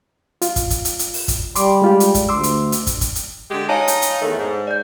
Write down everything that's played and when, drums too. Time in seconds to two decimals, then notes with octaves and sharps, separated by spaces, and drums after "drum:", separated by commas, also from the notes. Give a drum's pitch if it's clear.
0.42 F4, drum: hi-hat
0.56 drum: kick, hi-hat
0.70 drum: kick, hi-hat
0.85 drum: hi-hat
0.99 drum: hi-hat
1.14 drum: open hi-hat
1.28 drum: kick, hi-hat
1.55 G3 C6 D6, drum: hi-hat
1.82 G#3 F4 G4
2.00 drum: hi-hat
2.15 drum: kick, hi-hat
2.29 D2 C6 D6 E6
2.43 drum: hi-hat
2.72 drum: hi-hat
2.87 drum: kick, hi-hat
3.01 drum: kick, hi-hat
3.15 drum: hi-hat
3.50 D3 G#3 G4
3.69 D#4 F4 C#5 G#5 A5
3.88 drum: hi-hat
4.02 drum: hi-hat
4.22 E2 D#3 A3
4.39 G#2
4.67 D5 G6